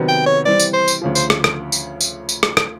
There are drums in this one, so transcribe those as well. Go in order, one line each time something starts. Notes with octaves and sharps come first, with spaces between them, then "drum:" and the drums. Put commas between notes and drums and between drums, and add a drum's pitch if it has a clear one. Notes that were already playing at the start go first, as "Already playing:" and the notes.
Already playing: C3 D#3 F#3 B3
G5
C#5
E3 G3 C4 D5
drum: tambourine
C5
drum: tambourine
D2 C#3 F3
C5, drum: tambourine
drum: rim click
drum: rim click
drum: tambourine
drum: tambourine
drum: tambourine
drum: rim click
drum: rim click